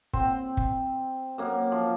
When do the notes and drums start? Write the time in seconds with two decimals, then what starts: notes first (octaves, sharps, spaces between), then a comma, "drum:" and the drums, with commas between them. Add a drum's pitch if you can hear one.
0.13 C4 C5, drum: kick
0.57 drum: kick
1.38 F#2 A#3
1.72 F3